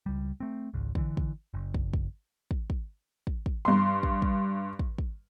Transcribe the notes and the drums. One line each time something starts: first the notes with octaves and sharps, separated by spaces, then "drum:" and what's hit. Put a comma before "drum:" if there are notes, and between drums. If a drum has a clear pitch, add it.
C#2 G3
A3 C4
G#1 C#2
D3 E3, drum: kick
drum: kick
F#1
drum: kick
drum: kick
drum: kick
drum: kick
drum: kick
drum: kick
G2 C6
drum: kick
drum: kick
drum: kick
drum: kick